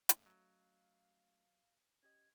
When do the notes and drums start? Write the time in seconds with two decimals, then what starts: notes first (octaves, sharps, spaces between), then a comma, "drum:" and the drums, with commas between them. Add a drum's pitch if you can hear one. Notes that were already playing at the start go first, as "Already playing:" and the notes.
0.09 A3 C#4 D#5 F5, drum: hi-hat
0.26 F#3
2.03 C#4 G4 D#5 G#6